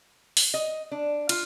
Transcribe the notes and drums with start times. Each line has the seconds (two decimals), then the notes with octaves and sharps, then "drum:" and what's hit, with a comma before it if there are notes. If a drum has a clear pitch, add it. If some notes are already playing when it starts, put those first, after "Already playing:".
0.37 drum: open hi-hat
0.54 D#5
0.91 D4
1.29 F4, drum: cymbal